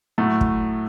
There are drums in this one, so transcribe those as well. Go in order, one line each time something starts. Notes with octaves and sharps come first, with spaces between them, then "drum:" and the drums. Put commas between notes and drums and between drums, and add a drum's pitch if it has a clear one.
A2 F#3 A3
drum: kick